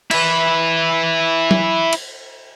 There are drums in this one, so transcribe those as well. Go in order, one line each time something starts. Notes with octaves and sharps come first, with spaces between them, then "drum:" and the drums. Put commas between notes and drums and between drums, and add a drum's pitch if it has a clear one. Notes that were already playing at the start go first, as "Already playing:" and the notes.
E4 B4, drum: cymbal
drum: tom F#3
drum: cymbal